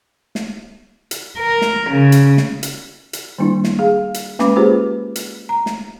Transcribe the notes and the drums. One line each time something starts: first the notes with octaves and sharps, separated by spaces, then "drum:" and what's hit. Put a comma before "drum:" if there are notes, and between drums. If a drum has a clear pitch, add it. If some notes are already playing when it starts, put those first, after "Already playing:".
drum: snare
drum: hi-hat
A#4
drum: snare
C#3
drum: hi-hat
drum: snare
drum: hi-hat
drum: hi-hat
D#3 G3 A#3 D4 E4
drum: snare
G#4 F5
drum: hi-hat
G#3 A#3 C#4 B4 B5 D6, drum: snare
F4 G4 G#4 B4 C5
drum: hi-hat
A#5
drum: snare